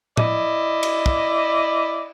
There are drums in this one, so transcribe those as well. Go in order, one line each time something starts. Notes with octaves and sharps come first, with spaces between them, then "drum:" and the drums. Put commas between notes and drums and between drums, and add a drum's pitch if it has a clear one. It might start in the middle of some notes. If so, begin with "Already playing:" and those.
E4 D5 D#5, drum: tom
drum: cymbal
drum: kick